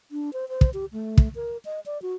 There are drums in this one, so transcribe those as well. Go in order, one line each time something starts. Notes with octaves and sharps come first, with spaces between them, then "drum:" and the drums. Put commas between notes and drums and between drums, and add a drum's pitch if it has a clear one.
D4
C5
C5
drum: kick
G4
A3
drum: kick
A#4
D#5
D5
F#4